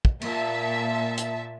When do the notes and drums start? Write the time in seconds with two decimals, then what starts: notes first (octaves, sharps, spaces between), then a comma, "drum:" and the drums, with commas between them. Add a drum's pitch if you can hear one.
0.05 drum: kick
0.22 A#2 E5 A5, drum: cymbal
1.18 drum: hi-hat